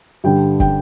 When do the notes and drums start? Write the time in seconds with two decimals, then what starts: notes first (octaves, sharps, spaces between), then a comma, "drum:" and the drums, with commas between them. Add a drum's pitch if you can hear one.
0.24 G2 D3 G3 G5
0.60 G5, drum: kick